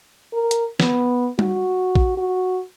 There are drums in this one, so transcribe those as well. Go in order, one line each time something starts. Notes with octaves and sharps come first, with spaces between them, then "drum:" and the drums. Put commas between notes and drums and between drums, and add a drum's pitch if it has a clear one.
A#4
drum: hi-hat
B3, drum: snare
F#4, drum: tom G3
drum: kick
F#4